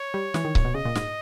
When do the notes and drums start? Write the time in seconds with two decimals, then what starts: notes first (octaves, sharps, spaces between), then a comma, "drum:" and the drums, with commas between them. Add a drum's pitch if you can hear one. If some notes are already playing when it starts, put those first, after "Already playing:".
Already playing: C#5
0.14 G3
0.34 E3, drum: snare
0.45 D#3
0.55 A#2, drum: kick C#1
0.65 B2
0.74 C#3 D#5
0.85 A#2
0.95 G#2, drum: snare